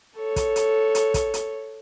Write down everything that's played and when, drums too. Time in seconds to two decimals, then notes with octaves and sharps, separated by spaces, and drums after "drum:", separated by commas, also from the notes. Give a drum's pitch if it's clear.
0.17 A4 C#5
0.36 drum: kick, hi-hat
0.56 drum: hi-hat
0.95 drum: hi-hat
1.14 drum: kick, hi-hat
1.34 drum: hi-hat